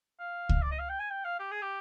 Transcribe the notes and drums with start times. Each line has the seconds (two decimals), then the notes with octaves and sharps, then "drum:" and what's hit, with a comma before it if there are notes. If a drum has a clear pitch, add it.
0.19 F5
0.49 drum: kick C#2
0.62 D5
0.71 D#5
0.79 F5
0.89 G5
0.99 G#5
1.10 G5
1.24 F5
1.39 G4
1.51 G#4
1.62 G4